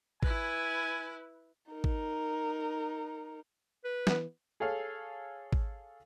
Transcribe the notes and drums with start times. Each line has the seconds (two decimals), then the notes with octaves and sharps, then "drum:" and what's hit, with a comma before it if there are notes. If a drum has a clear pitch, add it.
0.23 E4 B4 G#5, drum: kick G#1
1.71 D#4 A#4
1.84 drum: kick G#1
3.84 B4
4.07 E3 B3, drum: snare
4.60 G#4 A4 C#5 F5
5.53 drum: kick G#1